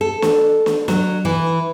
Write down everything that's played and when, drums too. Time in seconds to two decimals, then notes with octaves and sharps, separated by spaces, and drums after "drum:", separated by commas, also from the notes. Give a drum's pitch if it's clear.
0.01 A4
0.22 drum: snare
0.66 drum: snare
0.88 F#3, drum: snare
1.25 E3